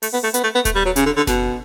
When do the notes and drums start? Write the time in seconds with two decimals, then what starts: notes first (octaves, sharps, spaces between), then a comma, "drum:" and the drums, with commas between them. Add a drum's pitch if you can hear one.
0.02 A3, drum: open hi-hat
0.13 B3
0.24 A3
0.34 B3, drum: hi-hat
0.44 A3
0.55 B3
0.65 A3, drum: kick D#1, hi-hat
0.75 G3
0.86 F#3
0.96 C#3, drum: hi-hat
1.06 D3
1.17 D3
1.27 B2, drum: snare F#1